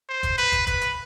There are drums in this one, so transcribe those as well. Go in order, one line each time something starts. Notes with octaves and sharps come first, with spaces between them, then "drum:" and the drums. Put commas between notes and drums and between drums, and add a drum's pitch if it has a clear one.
C5
drum: kick, hi-hat
B4, drum: hi-hat
drum: kick, hi-hat
B4, drum: kick, hi-hat
drum: hi-hat